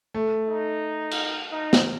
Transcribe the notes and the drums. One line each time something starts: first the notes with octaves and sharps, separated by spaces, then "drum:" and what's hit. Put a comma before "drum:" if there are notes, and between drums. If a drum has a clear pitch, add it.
A3
D#4
drum: cymbal
D#4
drum: snare